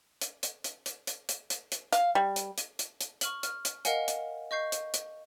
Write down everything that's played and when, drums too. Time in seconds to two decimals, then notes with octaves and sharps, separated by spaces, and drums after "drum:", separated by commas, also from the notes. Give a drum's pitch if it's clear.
0.21 drum: hi-hat
0.43 drum: hi-hat
0.64 drum: hi-hat
0.86 drum: hi-hat
1.07 drum: hi-hat
1.29 drum: hi-hat
1.50 drum: hi-hat
1.72 drum: hi-hat
1.93 F5, drum: hi-hat
2.15 G3
2.36 drum: hi-hat
2.58 drum: hi-hat
2.79 drum: hi-hat
3.01 drum: hi-hat
3.21 C#6 F6 F#7, drum: hi-hat
3.43 F6, drum: hi-hat
3.65 drum: hi-hat
3.85 A#4 D#5 F5 F#5 G#5, drum: hi-hat
4.08 drum: hi-hat
4.51 D#5 C#6 G6 C7
4.72 drum: hi-hat
4.94 drum: hi-hat